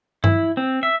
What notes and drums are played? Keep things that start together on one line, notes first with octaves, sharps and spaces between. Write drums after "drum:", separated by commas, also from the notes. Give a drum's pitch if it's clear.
E4, drum: tom G2
C4
E5